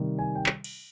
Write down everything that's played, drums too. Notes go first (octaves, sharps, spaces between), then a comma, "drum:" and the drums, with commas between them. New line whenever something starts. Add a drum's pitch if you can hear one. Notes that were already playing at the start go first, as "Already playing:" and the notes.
Already playing: C3 D#3 G3
G#5
G5
drum: clap
drum: cymbal